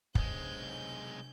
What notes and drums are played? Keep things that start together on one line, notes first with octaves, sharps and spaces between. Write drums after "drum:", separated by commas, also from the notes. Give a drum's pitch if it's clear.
B1 C3 G#3 D4 G6, drum: kick